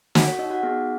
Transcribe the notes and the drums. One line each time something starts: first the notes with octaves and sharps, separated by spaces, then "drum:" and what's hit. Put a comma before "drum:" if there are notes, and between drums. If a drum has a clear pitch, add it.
F#4 F#5, drum: snare
C#5
D#4 D#5
F#4 F#5
B3 D#4 G#4